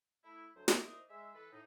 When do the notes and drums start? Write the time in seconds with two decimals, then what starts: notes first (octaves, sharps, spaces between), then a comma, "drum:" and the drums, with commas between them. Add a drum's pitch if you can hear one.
0.24 A3 E4
0.56 D2 F#3 C5
0.68 D#4 E4 A#4 C5 D5 D#5, drum: snare
1.10 G#3 E5
1.34 E3 A4 B4
1.52 A2 D#4